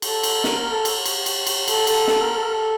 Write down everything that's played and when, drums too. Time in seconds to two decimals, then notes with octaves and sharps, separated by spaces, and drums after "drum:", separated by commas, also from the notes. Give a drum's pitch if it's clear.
0.02 A4, drum: cymbal
0.23 drum: cymbal
0.44 A#4, drum: snare
0.58 A#4
0.72 A4
0.85 drum: cymbal
1.05 drum: cymbal
1.26 drum: cymbal
1.47 drum: cymbal
1.68 A4, drum: cymbal
1.87 A4, drum: cymbal
2.07 A4, drum: snare
2.22 A#4
2.35 A4
2.43 A#4
2.51 A4